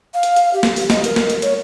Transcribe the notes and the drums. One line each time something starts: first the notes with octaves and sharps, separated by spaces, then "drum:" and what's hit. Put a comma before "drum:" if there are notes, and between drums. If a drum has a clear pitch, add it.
F5
drum: hi-hat
drum: hi-hat
G4
drum: snare
drum: open hi-hat
D#5, drum: snare
A#4, drum: hi-hat
drum: snare
drum: hi-hat
C#5, drum: hi-hat